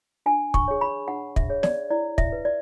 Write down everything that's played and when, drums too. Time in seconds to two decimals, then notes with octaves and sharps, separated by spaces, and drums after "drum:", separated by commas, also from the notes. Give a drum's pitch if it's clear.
0.26 D4 G#5
0.54 C#6, drum: kick
0.68 G#4 C#5
0.81 B5
1.08 D4 F#5
1.36 E5, drum: kick
1.49 G#4 C#5
1.63 D5, drum: snare
1.90 E4 D5
2.18 E5, drum: kick
2.32 B4
2.45 D5